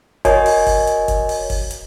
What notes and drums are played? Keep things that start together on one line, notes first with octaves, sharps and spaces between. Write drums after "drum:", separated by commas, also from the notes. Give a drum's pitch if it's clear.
F#4 A#4 C#5 D#5 G#5, drum: kick, hi-hat
drum: open hi-hat
drum: kick, open hi-hat
drum: hi-hat
drum: kick, hi-hat
drum: open hi-hat
drum: kick, open hi-hat
drum: hi-hat